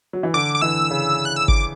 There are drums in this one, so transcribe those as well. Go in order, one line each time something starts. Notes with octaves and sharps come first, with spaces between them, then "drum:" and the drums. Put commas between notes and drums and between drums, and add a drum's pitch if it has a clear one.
F#3
E3
D3 D6
D6
E3 E6
C#3
F#6
E6
D6, drum: kick G1